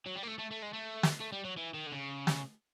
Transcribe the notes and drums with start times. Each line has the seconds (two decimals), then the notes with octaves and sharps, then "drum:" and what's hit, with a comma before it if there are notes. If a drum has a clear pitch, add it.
0.06 F#3
0.16 G3
0.23 A#3
0.27 A3
0.38 A3
0.51 A3
0.62 G#3
0.73 A3
1.03 drum: snare
1.20 A3
1.32 G3
1.44 F#3
1.57 E3
1.74 D#3
1.87 D3
1.92 C#3
2.27 drum: snare